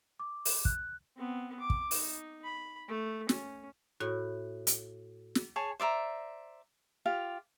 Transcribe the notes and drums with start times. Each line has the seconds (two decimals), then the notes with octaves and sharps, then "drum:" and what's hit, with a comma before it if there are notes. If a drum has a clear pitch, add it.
0.20 D6
0.45 drum: open hi-hat
0.65 F#6, drum: kick
1.17 B3 C4
1.60 D6
1.70 drum: kick
1.91 D#4, drum: open hi-hat
2.44 B5
2.88 A3
3.29 C#4, drum: snare
4.00 A2 F#4
4.67 drum: hi-hat
5.35 drum: snare
5.56 G#4 C#5 G#5 A5
5.80 C5 D5 E5 A#5
7.06 F4 G4 F5